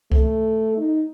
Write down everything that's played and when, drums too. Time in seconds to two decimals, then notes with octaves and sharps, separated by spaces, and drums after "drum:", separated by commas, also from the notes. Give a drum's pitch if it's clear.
0.12 A3, drum: kick C#2
0.77 D#4